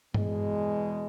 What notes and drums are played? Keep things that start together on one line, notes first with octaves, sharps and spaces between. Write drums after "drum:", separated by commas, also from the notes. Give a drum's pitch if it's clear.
E2 B2 G#3, drum: tom G2